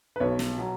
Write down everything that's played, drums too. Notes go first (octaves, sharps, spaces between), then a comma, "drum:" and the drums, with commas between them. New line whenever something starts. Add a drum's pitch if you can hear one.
B4
B1 C#5
drum: snare
B2 F#3